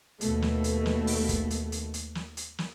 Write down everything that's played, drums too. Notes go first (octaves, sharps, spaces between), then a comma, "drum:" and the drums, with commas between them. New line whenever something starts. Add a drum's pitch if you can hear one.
D#2 B2 A3, drum: hi-hat
drum: snare
drum: hi-hat
drum: snare
drum: open hi-hat
drum: kick, hi-hat
drum: hi-hat
drum: hi-hat
drum: hi-hat
drum: snare
drum: hi-hat
drum: snare